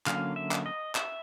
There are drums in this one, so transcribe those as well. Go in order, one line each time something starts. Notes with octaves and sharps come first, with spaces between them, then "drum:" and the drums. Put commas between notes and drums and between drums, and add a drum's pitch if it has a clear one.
D3 F#3 A#3 C#4 F5, drum: clap
E5
drum: clap
D#5
E5, drum: clap